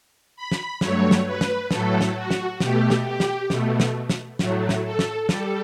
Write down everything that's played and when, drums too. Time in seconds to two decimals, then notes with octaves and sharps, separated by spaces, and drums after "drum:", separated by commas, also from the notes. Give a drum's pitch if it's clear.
0.36 B5
0.52 drum: snare
0.81 G2 F#3 A3 C#5, drum: snare
1.11 drum: snare
1.26 B4
1.41 drum: snare
1.71 A2 F#3 A3 A4, drum: snare
2.01 drum: snare
2.15 F#4
2.31 drum: snare
2.60 B2 A3 G4, drum: snare
2.90 drum: snare
3.05 G4
3.20 drum: snare
3.50 B2 A3, drum: snare
3.80 drum: snare
4.10 drum: snare
4.39 A2 F#3 A3, drum: snare
4.69 drum: snare
4.84 A4
4.99 drum: snare
5.29 G3 A4, drum: snare